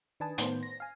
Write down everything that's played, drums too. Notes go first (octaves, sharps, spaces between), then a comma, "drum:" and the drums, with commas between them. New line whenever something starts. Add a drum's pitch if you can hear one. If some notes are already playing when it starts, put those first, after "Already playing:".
D#3 D4 B4 G#5 A5 D#6
A2 D#3 B3 C5, drum: hi-hat
A#6
F5 G#5